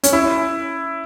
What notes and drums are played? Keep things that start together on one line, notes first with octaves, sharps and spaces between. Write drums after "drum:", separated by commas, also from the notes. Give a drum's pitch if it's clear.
C#4, drum: hi-hat
E4